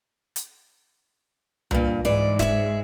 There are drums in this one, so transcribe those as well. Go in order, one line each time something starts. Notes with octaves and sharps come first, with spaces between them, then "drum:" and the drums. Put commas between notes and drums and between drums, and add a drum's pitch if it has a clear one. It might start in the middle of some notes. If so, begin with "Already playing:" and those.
drum: hi-hat
G2 A#2, drum: tom C2
G#2 E3 D5
G#4 E5, drum: snare